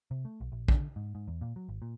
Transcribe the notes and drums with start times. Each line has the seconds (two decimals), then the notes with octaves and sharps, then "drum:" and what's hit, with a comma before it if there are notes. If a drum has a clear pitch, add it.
0.11 C3
0.25 A3
0.41 B1
0.52 A#1
0.68 D3, drum: kick
0.96 G#2
1.15 G#2
1.28 E2
1.41 A#2
1.56 F#3
1.69 G#1
1.82 A#2